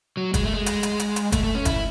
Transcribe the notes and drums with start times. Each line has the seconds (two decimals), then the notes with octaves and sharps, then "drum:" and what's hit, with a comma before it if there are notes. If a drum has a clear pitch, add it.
0.17 F#3
0.34 G#3, drum: kick, hi-hat
0.43 A3
0.53 G#3
0.66 drum: hi-hat
0.83 drum: hi-hat
1.00 drum: hi-hat
1.16 drum: hi-hat
1.32 A3, drum: kick, hi-hat
1.44 A3
1.55 C#4
1.65 E4, drum: kick, hi-hat